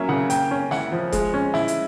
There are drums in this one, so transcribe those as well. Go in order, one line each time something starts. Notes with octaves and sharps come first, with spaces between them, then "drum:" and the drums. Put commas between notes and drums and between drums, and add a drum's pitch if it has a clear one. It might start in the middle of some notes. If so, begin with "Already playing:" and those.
Already playing: F#3 A#3 C#4 E5
C#3 F#5
A#3 G5, drum: hi-hat
C#4
E4 F#5, drum: snare
F3
G#3, drum: kick F1, hi-hat
C#4
E4, drum: snare
drum: hi-hat